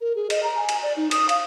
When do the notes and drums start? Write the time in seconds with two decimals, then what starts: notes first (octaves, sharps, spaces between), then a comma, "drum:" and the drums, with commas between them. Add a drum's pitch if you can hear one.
0.01 A#4
0.15 G#4
0.30 D#5, drum: cymbal
0.43 A#5
0.57 G#5
0.69 drum: cymbal
0.82 D5
0.96 D#4
1.11 D#6, drum: cymbal
1.29 F5, drum: cymbal